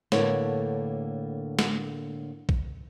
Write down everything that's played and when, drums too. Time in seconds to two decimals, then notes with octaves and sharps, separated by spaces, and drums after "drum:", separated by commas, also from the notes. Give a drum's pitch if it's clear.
0.12 A2 D3 A#3 B3 C#5, drum: snare
1.59 drum: snare
2.49 drum: kick